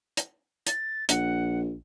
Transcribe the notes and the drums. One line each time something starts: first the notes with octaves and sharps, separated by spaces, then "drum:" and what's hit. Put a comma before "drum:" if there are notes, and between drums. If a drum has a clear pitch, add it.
drum: hi-hat
A6, drum: hi-hat
A#1 F#5, drum: hi-hat